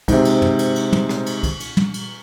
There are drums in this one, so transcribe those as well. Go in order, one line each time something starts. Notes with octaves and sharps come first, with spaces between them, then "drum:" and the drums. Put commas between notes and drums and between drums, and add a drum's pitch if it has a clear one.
G#2 C3, drum: kick C2, cymbal
drum: cymbal
drum: tom
drum: cymbal
drum: cymbal
drum: tom
drum: rim click
drum: cymbal
drum: kick C2, cymbal
drum: cymbal
drum: tom
drum: cymbal